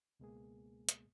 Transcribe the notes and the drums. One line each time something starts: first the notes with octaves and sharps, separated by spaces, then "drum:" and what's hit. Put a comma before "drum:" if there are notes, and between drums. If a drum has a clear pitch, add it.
C#2 B2 G#3 A#3 B3 G#4
drum: hi-hat